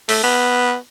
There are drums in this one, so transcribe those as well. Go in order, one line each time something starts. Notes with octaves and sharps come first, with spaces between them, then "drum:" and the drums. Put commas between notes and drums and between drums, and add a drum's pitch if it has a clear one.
A3, drum: open hi-hat
B3